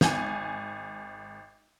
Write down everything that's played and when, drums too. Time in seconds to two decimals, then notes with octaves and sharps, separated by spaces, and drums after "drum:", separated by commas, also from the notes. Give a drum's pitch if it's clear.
0.01 G#1 G#5, drum: snare